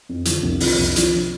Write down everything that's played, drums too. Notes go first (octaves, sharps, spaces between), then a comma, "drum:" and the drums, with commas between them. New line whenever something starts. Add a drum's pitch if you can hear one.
F2
D3 F3 D4, drum: hi-hat
C2
C3 F3 D4 F4, drum: open hi-hat
C2
C3 F3 D4 F4, drum: hi-hat